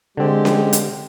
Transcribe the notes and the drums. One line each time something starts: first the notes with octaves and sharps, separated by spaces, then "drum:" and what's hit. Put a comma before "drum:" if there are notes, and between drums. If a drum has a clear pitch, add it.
D3 G#3 C4 G4
drum: snare C#4
drum: hi-hat